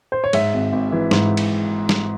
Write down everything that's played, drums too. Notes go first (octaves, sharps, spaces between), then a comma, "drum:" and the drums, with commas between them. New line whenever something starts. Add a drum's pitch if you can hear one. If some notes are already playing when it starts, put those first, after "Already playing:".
C5
C#5
G#2 E5, drum: cymbal
G#1
G#1
E3
G#2, drum: snare
drum: cymbal
drum: snare